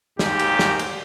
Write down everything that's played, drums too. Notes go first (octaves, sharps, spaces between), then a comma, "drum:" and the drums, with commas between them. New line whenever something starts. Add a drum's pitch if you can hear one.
D#2 G#2 G4, drum: snare
drum: cymbal
drum: snare
drum: cymbal